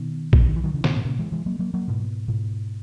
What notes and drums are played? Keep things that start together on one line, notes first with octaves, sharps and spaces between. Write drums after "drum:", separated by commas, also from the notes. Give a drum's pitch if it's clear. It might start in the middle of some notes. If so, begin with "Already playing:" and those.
Already playing: B2 D#3
B2, drum: kick A#1
C#3
D#3
E3
D#3 F#3
C#3 E3
A#2 C#3, drum: snare
G#2 B2
A#2 C#3
E3 G#3
E3 G#3
F#3 A#3
F#3 A#3
F#3 A#3
G#2 B2
G#2 B2